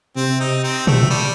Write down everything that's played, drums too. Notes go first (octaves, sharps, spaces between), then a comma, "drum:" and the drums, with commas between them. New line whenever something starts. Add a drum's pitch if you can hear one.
C3 C4
D#4
C4
A3, drum: tom A#2
G3